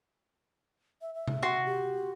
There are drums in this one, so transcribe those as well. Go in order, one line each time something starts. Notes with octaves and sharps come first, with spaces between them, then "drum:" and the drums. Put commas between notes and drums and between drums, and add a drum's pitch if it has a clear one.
E5
E5
drum: tom C3
F#4 C6
G4